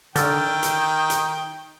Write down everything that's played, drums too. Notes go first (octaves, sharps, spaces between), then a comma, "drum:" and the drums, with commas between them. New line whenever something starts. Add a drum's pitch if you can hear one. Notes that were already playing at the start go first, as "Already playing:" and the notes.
D3 D#3 G5 E6 F6 G6 A6, drum: hi-hat
drum: hi-hat
drum: hi-hat